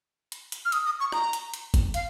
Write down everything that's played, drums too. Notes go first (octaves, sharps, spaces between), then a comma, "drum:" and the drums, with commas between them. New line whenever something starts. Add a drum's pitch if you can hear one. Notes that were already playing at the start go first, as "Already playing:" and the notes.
drum: hi-hat
drum: hi-hat
F6
D#6, drum: hi-hat
D#6
C#6
A#5, drum: rim click
drum: hi-hat
drum: hi-hat
drum: kick G1, hi-hat
F5, drum: hi-hat